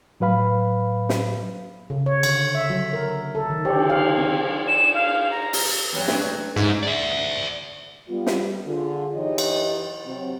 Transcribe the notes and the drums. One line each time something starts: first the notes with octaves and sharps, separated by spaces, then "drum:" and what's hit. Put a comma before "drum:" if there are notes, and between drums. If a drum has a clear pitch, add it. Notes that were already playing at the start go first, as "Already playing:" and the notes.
A2 F#3 B4 F5 B5
drum: snare
C#3
C#5
D3, drum: cymbal
E5
F#3
A#4
A4
D#3
G4, drum: cymbal
F5
C4
E7
F5
A#5
drum: open hi-hat
E2 G2 F#3
A3 D4, drum: snare
G#2 C#4 G#4 E5
D5 E5
G3 B3 F4
drum: snare
D3 F4 G#4
F#2 E3 D#4 G4 C#5 D#5
drum: cymbal
C3 F#3 C4